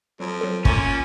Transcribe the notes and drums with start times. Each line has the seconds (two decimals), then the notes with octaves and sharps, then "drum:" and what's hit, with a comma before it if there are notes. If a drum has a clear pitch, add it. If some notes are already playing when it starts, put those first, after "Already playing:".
0.20 F2 F#3
0.41 F#3 A4
0.65 A#2 A3 C#4, drum: kick